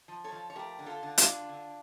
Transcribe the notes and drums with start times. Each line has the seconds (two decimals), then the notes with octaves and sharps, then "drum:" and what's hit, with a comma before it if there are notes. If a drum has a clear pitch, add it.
0.08 F3
0.24 A4 C#5
0.32 F3
0.50 C#5
0.56 A3 G4 A#4
0.79 D3
0.86 F4 A4
1.03 D3
1.18 D4 F4, drum: hi-hat
1.26 D3
1.49 D3